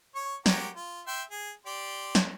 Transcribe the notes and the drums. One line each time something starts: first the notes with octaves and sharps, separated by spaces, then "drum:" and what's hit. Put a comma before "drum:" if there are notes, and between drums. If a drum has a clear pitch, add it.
C#5 C#6
F#4 G4 A#4, drum: snare
F4
E5 G5 C6
G#4
G4 D5 C6
drum: snare